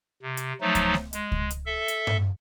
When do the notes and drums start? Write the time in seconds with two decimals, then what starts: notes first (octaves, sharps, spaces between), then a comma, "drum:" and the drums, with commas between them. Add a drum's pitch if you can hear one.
0.22 C3
0.37 drum: hi-hat
0.61 F3 F#3 A3 D#4
0.75 drum: kick C#2, hi-hat
0.94 drum: snare A3
1.13 G#3, drum: hi-hat
1.32 drum: kick C#2
1.50 drum: hi-hat
1.66 A4 E5
1.88 drum: hi-hat
2.07 drum: tom G2